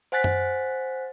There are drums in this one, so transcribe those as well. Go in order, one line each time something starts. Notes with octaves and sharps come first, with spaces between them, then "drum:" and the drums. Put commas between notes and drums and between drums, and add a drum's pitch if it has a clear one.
C5 F#5 G#5 F#6 A6 B6
drum: tom F#2